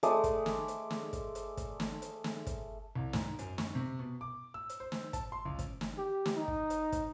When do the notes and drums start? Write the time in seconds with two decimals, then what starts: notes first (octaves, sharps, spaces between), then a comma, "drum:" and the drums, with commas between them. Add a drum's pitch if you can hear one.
0.03 G#3 A3 D5 D#6, drum: hi-hat
0.24 drum: kick, hi-hat
0.46 drum: snare
0.68 drum: hi-hat
0.90 drum: snare
1.13 drum: kick, hi-hat
1.35 drum: hi-hat
1.57 drum: kick, hi-hat
1.80 drum: snare
2.02 drum: hi-hat
2.24 drum: snare
2.47 drum: kick, hi-hat
2.96 C2
3.13 G#2, drum: snare
3.39 F#2, drum: hi-hat
3.58 C#6, drum: snare
3.75 C3
3.99 B2
4.21 D6
4.54 E6
4.69 drum: hi-hat
4.80 C5
4.92 drum: snare
5.13 A5, drum: kick, hi-hat
5.32 C6
5.45 C#2
5.59 drum: kick, hi-hat
5.81 drum: snare
5.98 G4
6.26 drum: snare
6.36 D#4
6.48 drum: kick
6.70 drum: hi-hat
6.92 drum: kick, hi-hat